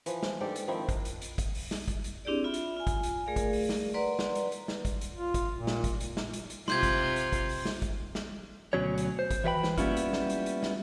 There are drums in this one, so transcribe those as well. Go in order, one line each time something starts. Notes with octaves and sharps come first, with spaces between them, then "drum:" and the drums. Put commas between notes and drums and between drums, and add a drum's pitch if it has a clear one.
E3 F3, drum: hi-hat
drum: snare
G#2 D4 G4 A4
drum: hi-hat
D#3 F3 C4 E4
drum: kick, hi-hat
drum: hi-hat
drum: hi-hat
drum: kick, hi-hat
drum: open hi-hat
drum: snare
drum: kick, hi-hat
drum: hi-hat
C4 D4 E4 G4 G#4 D5
F4 E5 B5
drum: hi-hat
F4 G#5
drum: kick, hi-hat
drum: hi-hat
A3 G#4 A#4 D5 F5
drum: kick, hi-hat
drum: open hi-hat
drum: snare
B4 D5 F#5 A#5 C6
drum: snare
drum: hi-hat
drum: hi-hat
drum: snare
drum: kick, hi-hat
drum: hi-hat
F4
drum: kick, hi-hat
A#2
drum: snare
drum: kick, hi-hat
drum: hi-hat
drum: snare
drum: hi-hat
drum: hi-hat
C3 F4 C6 G6 G#6, drum: snare
drum: kick, hi-hat
drum: hi-hat
drum: kick, hi-hat
drum: open hi-hat
drum: snare
drum: kick, hi-hat
drum: snare
D2 B2 F#3 C#4 C#5
drum: hi-hat
C5
drum: kick, hi-hat
E3 F#4 B4 D5 G5 B5
drum: snare
G3 A#3 B3 C#4 E4 F4, drum: kick, hi-hat
drum: hi-hat
drum: snare
drum: hi-hat
drum: hi-hat
drum: snare